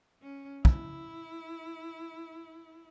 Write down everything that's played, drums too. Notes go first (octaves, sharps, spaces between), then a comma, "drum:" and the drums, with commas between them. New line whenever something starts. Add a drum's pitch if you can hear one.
C#4
E4, drum: kick